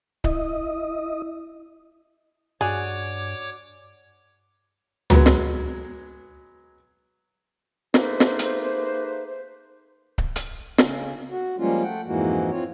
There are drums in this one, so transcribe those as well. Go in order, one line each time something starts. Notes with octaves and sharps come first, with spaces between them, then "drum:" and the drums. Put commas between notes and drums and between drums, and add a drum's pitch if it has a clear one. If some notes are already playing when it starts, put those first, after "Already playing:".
E4 D#5, drum: kick C#1
G2 F#4 G#4 C#5 D5 D6
F#3 G#3 B3, drum: tom
drum: snare
A3 A#3 D#4 G#4 B4 C5, drum: snare
drum: snare
drum: hi-hat
drum: kick C#1
drum: hi-hat
C#3, drum: snare
F#4
F3 G3 G#3 A#3 C#4 F4
A3 F#5 G5
F2 G#2 E3 G#3 A#3 F#4
C4 F4 C#5